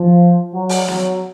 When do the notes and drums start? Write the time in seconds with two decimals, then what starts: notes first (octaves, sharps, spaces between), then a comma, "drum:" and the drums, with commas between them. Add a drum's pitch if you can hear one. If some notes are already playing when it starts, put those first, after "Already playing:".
Already playing: F3
0.53 F#3
0.69 drum: open hi-hat
0.88 F#3, drum: snare